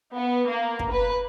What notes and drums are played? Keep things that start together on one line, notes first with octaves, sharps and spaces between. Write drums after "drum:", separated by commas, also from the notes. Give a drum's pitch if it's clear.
B3
A#3
drum: kick
B4